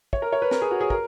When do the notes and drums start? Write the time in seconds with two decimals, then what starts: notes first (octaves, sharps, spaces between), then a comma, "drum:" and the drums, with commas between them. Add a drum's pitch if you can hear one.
0.13 C#5, drum: kick
0.22 A#4
0.32 C#5
0.42 B4
0.51 A#4, drum: snare
0.62 G#4
0.71 F#4
0.81 G#4
0.90 A#4, drum: kick